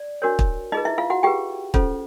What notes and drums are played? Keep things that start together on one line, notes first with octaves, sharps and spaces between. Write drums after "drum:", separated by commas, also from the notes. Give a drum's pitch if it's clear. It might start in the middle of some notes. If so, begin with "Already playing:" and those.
Already playing: D5
D4 F#4 A#4 C#5
drum: kick
D#4 F4 G#4 B4 D#5
E4 E5
F4 F5
F#4 F#5
F4 G4 G#4 B4 G5
C#4 F4 A4 C5, drum: kick